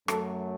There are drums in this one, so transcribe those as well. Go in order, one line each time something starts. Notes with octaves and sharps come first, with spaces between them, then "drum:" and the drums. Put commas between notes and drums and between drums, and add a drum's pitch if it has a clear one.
F#2 F#3 A3 A4, drum: rim click